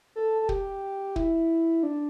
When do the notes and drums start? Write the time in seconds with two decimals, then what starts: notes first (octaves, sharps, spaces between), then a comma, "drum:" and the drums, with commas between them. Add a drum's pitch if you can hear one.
0.16 A4
0.42 A4
0.49 G4, drum: kick
1.16 E4, drum: kick
1.83 D4